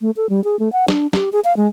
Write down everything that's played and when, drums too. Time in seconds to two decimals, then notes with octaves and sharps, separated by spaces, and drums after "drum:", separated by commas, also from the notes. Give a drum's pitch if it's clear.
0.01 A3
0.17 A4
0.29 G3
0.44 G#4
0.59 A3
0.73 F#5
0.88 D4, drum: snare
1.13 G4, drum: snare
1.32 G#4
1.44 F5
1.57 G#3